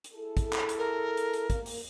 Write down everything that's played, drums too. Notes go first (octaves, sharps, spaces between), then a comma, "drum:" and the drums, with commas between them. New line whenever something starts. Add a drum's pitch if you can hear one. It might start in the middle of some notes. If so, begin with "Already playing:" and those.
drum: hi-hat
E4 G#4 A4
drum: kick, hi-hat
drum: clap
drum: hi-hat
A#4
drum: hi-hat
drum: hi-hat
A#3, drum: kick, hi-hat
drum: open hi-hat